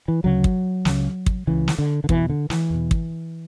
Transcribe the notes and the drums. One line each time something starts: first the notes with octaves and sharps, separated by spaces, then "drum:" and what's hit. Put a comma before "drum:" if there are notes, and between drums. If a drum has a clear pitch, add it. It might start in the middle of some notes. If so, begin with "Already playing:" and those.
E3
D2 C#3 F#3
drum: kick
C#2 C#3, drum: snare
drum: kick
C#2 C#3 E3
drum: snare
D3
D3
E2 B2 E3, drum: kick
D3
E3, drum: snare
E2 B2
drum: kick